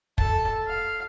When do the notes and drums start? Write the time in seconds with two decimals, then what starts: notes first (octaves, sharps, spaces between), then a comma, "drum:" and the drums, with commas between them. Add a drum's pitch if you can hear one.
0.18 A4 A5, drum: kick
0.67 F5